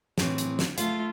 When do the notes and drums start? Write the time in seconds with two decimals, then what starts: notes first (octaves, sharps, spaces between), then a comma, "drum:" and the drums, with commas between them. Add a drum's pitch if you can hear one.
0.18 A2 E3 C4, drum: snare
0.38 drum: hi-hat
0.59 drum: snare
0.78 A3 F4 F5, drum: hi-hat